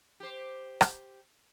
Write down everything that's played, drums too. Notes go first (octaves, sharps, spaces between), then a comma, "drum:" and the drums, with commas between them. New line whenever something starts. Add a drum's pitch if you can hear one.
G4 C5
drum: rim click